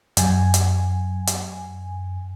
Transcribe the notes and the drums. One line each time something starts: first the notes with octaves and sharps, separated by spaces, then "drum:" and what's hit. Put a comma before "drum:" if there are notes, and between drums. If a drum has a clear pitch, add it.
F#2 G#5, drum: hi-hat
drum: hi-hat
drum: hi-hat